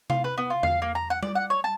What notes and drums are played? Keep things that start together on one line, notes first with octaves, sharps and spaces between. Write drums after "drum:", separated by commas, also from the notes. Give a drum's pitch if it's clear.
F4, drum: tom C3
B4
B3
F4
F5, drum: tom E2
A#3
A#5
F#5
D5, drum: tom G3
F#5
C#5
A5